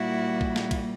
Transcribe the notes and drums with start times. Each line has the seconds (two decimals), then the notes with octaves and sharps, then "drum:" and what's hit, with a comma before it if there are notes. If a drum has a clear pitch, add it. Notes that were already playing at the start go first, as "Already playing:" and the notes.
Already playing: A#2 G3 A#3 E4 F#4
0.41 drum: kick
0.56 drum: snare
0.71 drum: kick, cymbal